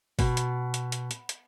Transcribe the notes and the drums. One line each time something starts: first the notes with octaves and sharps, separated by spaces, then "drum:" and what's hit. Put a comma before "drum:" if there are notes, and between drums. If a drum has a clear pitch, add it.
B2, drum: kick G1, open hi-hat
drum: hi-hat
drum: hi-hat
drum: hi-hat
drum: hi-hat
drum: hi-hat